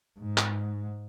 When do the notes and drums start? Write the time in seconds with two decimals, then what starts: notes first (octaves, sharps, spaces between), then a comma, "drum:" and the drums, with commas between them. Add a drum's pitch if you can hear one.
0.19 G#2
0.38 drum: clap